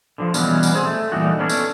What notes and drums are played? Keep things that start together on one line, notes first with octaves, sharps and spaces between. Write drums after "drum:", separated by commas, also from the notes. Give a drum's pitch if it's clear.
D3 D#3 F3
B2 E3 F#3 G3 B3 C#4, drum: tambourine
drum: tambourine
C4 G#4
A3
A#2 D3 E3 G3 D#4 F#4
B3 C#4 D4 A4 A#4 C#5
drum: tambourine